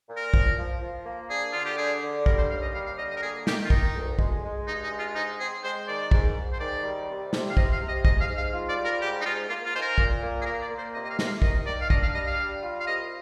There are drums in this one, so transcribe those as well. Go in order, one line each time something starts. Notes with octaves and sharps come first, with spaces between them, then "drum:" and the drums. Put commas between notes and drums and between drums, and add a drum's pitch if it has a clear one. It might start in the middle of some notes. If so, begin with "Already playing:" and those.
A#2
A#4
F3, drum: kick
F3
F3
A#3
D4 G#4
D3 F4
G4
D4 G#4
D3
G3 A#4, drum: kick
C5
D#2 F5
D#5
G3 F5
F5
D3 D#5
D#5
A#4
A#3 G#4
D#3 G4, drum: snare
F4
D#3 D#4, drum: kick
D2
G#3, drum: kick
G#3
G2 D#4
D#4
G#3
F4
G#2 D#4
C4 G#4
G#3 C5
D#3 D5
G#2, drum: kick
G#2
C5
D#3 D5
G3
C3
C3, drum: snare
F5
C3 D#5, drum: kick
F5
C3
D#5
G#2 D#5, drum: kick
F5
G#2
F5
F4
D5
G3
A#4
G#2 G4
D#4
G#2 F4
A#3 F4
F4
G#2 C5
A#4
A#2, drum: kick
A#3
G#4
A#2 A#4
D5
A#3
C5
C3 D#5
D#5
F5
C3 D#5, drum: snare
F5
D#3 D#5, drum: kick
D#3 D5
F5
D4 D#5, drum: kick
F5
G3 D#5
F5
G3
F4
F5
C2 D#5